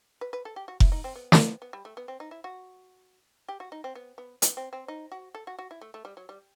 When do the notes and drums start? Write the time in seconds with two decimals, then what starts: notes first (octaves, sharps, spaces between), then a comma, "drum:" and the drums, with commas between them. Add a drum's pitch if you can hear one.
0.21 B4
0.33 B4
0.45 A4
0.56 G4
0.68 F#4
0.80 E4, drum: kick F1
0.92 D#4
1.04 C4
1.15 B3
1.32 C4, drum: snare
1.38 B3
1.62 B3
1.73 G3
1.85 A3
1.97 B3
2.08 C4
2.20 D#4
2.31 E4
2.44 F#4
3.48 G4
3.60 F#4
3.72 D#4
3.84 C4
3.95 B3
4.18 B3
4.42 B3, drum: hi-hat
4.57 C4
4.73 C4
4.88 D#4
5.12 F#4
5.35 A4
5.47 F#4
5.59 F#4
5.71 E4
5.81 A3
5.94 A3
6.05 G3
6.17 F#3
6.29 G3